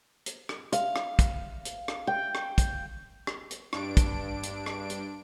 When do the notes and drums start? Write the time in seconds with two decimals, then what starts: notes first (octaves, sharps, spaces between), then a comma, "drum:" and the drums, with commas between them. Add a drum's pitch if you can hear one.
0.26 drum: hi-hat
0.49 drum: rim click
0.72 F5, drum: hi-hat
0.96 drum: rim click
1.19 drum: kick, hi-hat
1.65 drum: hi-hat
1.88 drum: rim click
2.07 G5
2.35 drum: rim click
2.58 drum: kick, hi-hat
3.27 drum: rim click
3.51 drum: hi-hat
3.73 G2 D4 D7, drum: rim click
3.97 drum: kick, hi-hat
4.43 drum: hi-hat
4.66 drum: rim click
4.90 drum: hi-hat